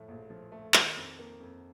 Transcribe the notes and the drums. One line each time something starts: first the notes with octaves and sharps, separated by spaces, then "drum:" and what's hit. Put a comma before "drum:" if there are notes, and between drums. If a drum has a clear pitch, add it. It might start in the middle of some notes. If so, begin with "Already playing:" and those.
Already playing: A2 F3 A3
A#1
F3
A3
D#3, drum: clap
F2
A#3
F2